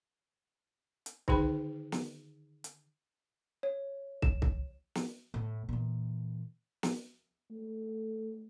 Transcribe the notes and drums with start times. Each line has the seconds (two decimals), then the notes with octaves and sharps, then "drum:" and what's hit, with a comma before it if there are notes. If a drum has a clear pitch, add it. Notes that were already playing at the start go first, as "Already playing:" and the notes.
1.06 drum: hi-hat
1.28 D3 D#3 D#4 G#4 G5 B5, drum: kick
1.92 drum: snare
2.64 drum: hi-hat
3.63 C#5
4.22 E7, drum: kick
4.42 drum: kick
4.95 drum: snare
5.34 A2
5.69 A#2 E3
6.83 drum: snare
7.51 A3